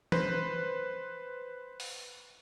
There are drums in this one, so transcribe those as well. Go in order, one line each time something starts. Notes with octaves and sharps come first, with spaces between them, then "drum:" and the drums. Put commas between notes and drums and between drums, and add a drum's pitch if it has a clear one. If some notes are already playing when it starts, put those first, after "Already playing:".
B4 C5, drum: tom
drum: open hi-hat